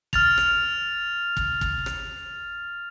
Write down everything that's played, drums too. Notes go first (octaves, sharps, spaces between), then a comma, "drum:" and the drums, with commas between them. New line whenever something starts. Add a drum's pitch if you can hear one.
F6 A6 F7, drum: kick
drum: rim click
drum: kick
drum: kick
drum: rim click